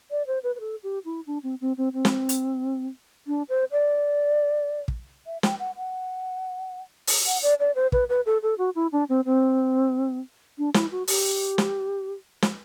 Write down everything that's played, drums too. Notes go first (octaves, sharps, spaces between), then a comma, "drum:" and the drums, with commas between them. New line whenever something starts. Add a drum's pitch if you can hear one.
D5
C5
B4
B4
A4
G4
E4
D4
C4
C4
C4
C4
drum: snare
drum: hi-hat
D4
C5
D5
drum: kick
E5
G5, drum: snare
F#5
F#5
drum: open hi-hat
F#5
D5
D5
C5
B4, drum: kick
B4
A4
A4
F#4
E4
D4
C4
C4
D4
E4, drum: snare
F#4
G4, drum: open hi-hat
drum: snare
drum: snare